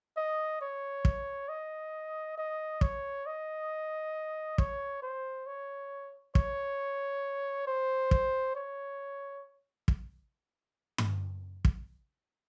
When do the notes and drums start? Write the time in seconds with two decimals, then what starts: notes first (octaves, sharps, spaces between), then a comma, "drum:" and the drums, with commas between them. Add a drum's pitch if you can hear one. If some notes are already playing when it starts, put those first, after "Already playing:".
0.17 D#5
0.61 C#5
1.05 drum: kick
1.48 D#5
2.37 D#5
2.81 C#5, drum: kick
3.26 D#5
4.58 C#5, drum: kick
5.02 C5
5.46 C#5
6.35 C#5, drum: kick
7.67 C5
8.11 drum: kick
8.55 C#5
9.88 drum: kick
10.98 drum: tom G2
11.65 drum: kick